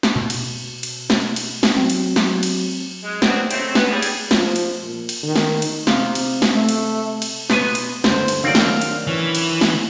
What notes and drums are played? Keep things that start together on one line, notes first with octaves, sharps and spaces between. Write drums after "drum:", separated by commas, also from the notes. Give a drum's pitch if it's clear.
drum: snare
B2
drum: cymbal
drum: cymbal
drum: snare
drum: cymbal
drum: snare
F#3 C4
drum: cymbal
drum: snare
drum: cymbal
G#3
E3 F#3 G#3 B3 C4 D4, drum: snare
C#3 F#3 A3 C4, drum: cymbal
B3, drum: snare
G3 C#4 G#4
drum: cymbal
F3, drum: snare
drum: cymbal
A#2
drum: cymbal
D#3
drum: snare
drum: cymbal
C3 D#4 F4, drum: snare
drum: cymbal
drum: snare
A3
drum: cymbal
drum: cymbal
B2 B3 B4 G#5 C6, drum: snare
drum: cymbal
D2 G2 C5, drum: snare
drum: cymbal
D#3 F#3 C4 D4 D5 F5
drum: snare
drum: cymbal
E3 C#4
drum: cymbal
drum: snare